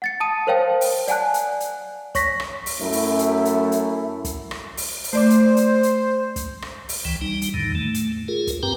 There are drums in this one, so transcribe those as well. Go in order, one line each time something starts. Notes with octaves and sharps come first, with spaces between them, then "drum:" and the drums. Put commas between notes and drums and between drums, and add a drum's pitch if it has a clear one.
F#5 A6 C#7
A5 D#6 D#7
A#4 C5 C#5 F5 G5 A5
drum: open hi-hat
D5 F#5 G#5 A5 F#6, drum: hi-hat
drum: hi-hat
drum: hi-hat
C#5 C#6 A#6 B6, drum: kick, hi-hat
drum: rim click
drum: open hi-hat
F#2 A3 E4
drum: open hi-hat
drum: hi-hat
drum: hi-hat
drum: hi-hat
drum: kick, hi-hat
drum: rim click
drum: open hi-hat
drum: open hi-hat
A3 C5 D5 D6
drum: hi-hat
drum: hi-hat
drum: hi-hat
drum: kick, hi-hat
drum: rim click
drum: open hi-hat
C#2 E3 G5
G3 D#4
drum: hi-hat
E2 A2 D3 D#3
A3
drum: hi-hat
F4 G#4 A#4
drum: kick, hi-hat
G2 C4 G4 B4 G5 A#5